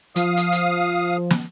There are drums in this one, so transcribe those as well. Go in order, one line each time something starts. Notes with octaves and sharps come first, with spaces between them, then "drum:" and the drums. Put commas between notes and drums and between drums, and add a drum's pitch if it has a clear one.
F3 F5 D#6, drum: hi-hat
drum: hi-hat
drum: hi-hat
drum: snare